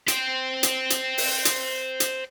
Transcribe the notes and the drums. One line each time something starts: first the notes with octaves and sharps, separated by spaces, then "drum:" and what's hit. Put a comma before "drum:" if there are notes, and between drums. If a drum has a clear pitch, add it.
C5 G5, drum: hi-hat
drum: hi-hat
drum: hi-hat
drum: open hi-hat
drum: hi-hat
drum: hi-hat